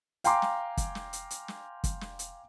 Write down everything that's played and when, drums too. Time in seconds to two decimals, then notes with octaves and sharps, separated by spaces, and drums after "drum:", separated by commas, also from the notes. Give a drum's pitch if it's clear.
0.24 F5 G5 G#5 A#5 C6 D6, drum: hi-hat
0.42 drum: snare
0.77 drum: kick, hi-hat
0.95 drum: snare
1.13 drum: hi-hat
1.31 drum: hi-hat
1.48 drum: snare
1.84 drum: kick, hi-hat
2.01 drum: snare
2.19 drum: hi-hat